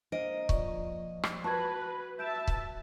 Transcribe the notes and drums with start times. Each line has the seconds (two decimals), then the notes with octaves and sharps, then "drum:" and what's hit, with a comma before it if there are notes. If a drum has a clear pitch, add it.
0.12 A#3 D4 C5 D#5 D7
0.49 F3 D5 C#6, drum: kick C#1
1.23 drum: rim click
1.44 F#4 B4 A5 C#6 G#6
2.19 E5 A5 G6 A6 D7 E7
2.48 drum: kick C#1